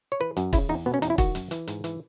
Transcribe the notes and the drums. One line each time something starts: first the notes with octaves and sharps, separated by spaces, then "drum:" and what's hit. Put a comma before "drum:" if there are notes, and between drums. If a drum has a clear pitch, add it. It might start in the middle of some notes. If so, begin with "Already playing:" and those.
C#5
E3 B4
F#2, drum: hi-hat
C#3 E4, drum: kick, hi-hat
E2 D#4
B2 B3
C#4
E2 D#4, drum: hi-hat
E4
D#3 F#4, drum: kick, hi-hat
F#2, drum: hi-hat
E3, drum: hi-hat
G#2, drum: hi-hat
E3, drum: hi-hat